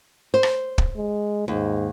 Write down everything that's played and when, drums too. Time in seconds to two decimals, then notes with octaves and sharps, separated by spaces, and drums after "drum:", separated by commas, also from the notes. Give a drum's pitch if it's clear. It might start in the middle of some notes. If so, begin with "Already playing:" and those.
0.34 C5
0.43 drum: rim click
0.78 drum: kick
0.97 G#3
1.48 D#2 G#2